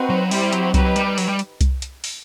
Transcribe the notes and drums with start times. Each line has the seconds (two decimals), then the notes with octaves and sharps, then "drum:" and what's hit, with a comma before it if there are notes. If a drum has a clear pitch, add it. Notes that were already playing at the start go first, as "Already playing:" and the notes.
Already playing: C4 D#4 F#4 B4
0.10 F#3
0.31 G3 C4 E4 G4 C5, drum: open hi-hat
0.53 F#3, drum: hi-hat
0.74 F#3 D#4 G4 B4, drum: kick C2, hi-hat
0.96 G3, drum: hi-hat
1.18 F#3, drum: open hi-hat
1.28 G3
1.39 drum: hi-hat
1.61 drum: kick C2, hi-hat
1.82 drum: hi-hat
2.04 drum: open hi-hat